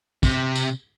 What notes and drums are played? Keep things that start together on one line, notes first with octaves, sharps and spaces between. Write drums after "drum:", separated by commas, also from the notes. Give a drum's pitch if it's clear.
C3, drum: kick, tambourine
drum: tambourine